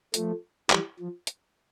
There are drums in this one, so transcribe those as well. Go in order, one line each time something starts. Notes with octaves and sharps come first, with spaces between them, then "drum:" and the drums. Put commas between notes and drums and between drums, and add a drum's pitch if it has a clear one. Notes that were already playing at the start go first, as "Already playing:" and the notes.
F3 A3, drum: hi-hat
E3 G3, drum: clap
F3
drum: hi-hat